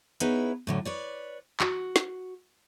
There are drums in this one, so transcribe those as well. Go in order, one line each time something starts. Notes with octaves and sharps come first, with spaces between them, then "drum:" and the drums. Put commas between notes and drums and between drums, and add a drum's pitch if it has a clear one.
B3 D#4 E4 G#4 B4 C#5, drum: hi-hat
A2 D3 F#3
B4 C#5 D5
F#4, drum: clap
drum: snare